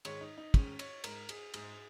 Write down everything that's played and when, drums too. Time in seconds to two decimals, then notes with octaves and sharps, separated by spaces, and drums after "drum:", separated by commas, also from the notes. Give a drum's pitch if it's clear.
0.05 G#2 D#3 G#3 C#5, drum: cymbal
0.21 D#4
0.38 D#4
0.54 G#2 D#3 G#3 C#4, drum: kick, cymbal
0.79 C#5, drum: cymbal
1.04 G#2 G#3 A#4, drum: cymbal
1.29 G#4, drum: cymbal
1.54 G#2 G#3 G#4, drum: cymbal